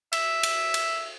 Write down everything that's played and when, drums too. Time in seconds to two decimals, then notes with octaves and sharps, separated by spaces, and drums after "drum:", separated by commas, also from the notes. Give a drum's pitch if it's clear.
0.12 E5, drum: cymbal
0.43 drum: cymbal
0.74 drum: cymbal